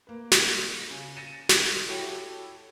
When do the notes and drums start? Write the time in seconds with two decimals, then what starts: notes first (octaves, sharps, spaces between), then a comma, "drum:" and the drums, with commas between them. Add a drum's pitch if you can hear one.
0.07 A#3 B4
0.32 drum: snare
0.90 C#3
1.16 A6 A#6 C#7 D#7 E7
1.49 drum: snare
1.89 E4 F#4 G4 A4 C#5